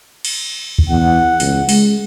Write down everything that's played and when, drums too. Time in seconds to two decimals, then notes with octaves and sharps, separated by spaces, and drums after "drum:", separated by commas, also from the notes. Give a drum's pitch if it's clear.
0.25 drum: cymbal
0.79 drum: kick
0.89 E2 F#5
1.40 C#2, drum: open hi-hat
1.69 G#3, drum: open hi-hat